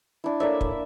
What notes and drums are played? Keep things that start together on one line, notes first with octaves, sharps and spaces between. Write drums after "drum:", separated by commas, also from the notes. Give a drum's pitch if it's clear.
D4 E4
A#3 D4 A4 C#5 D5 E5
drum: kick